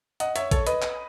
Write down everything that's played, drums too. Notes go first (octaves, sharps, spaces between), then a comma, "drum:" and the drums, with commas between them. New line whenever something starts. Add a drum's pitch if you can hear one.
D#5 F#5, drum: hi-hat
C#5 E5, drum: hi-hat
A4 C#5, drum: kick A1, hi-hat
B4 D#5, drum: hi-hat
drum: clap